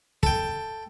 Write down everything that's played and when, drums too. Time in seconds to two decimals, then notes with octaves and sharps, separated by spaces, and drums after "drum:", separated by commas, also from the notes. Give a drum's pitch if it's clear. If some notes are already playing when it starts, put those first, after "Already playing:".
0.23 A4 G5, drum: kick